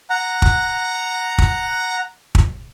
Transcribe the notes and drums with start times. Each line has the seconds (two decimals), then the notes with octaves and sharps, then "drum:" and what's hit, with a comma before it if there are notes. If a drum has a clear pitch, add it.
0.10 F#5 A#5
0.42 drum: kick
1.38 drum: kick
2.35 drum: kick